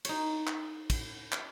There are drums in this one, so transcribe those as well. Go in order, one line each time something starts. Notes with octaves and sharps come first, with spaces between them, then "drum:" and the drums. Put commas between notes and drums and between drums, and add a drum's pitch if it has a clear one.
D#4 C#5, drum: cymbal
drum: clap
drum: kick, cymbal
drum: clap